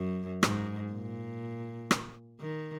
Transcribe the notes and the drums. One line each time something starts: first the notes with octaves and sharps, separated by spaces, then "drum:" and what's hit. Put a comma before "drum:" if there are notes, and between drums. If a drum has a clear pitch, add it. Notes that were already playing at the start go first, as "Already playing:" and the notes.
Already playing: F#2
G#2, drum: rim click
A#2
drum: rim click
D#3